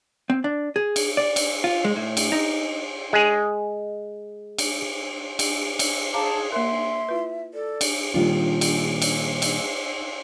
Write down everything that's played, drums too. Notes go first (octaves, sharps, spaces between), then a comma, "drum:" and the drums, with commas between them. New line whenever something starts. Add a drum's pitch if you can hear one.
C4
D4
G#4
drum: cymbal
D5
drum: cymbal
F4
G#3
A2
drum: cymbal
D#4
G#3 G#4
drum: cymbal
drum: cymbal
drum: cymbal
G#4 F5 A5 A#5 D6
A#3 A#4 E5 C6
E4 F4 B4
A4 D5
drum: cymbal
A#2 D#3 G3 A3 D4 F4
drum: cymbal
drum: cymbal
drum: cymbal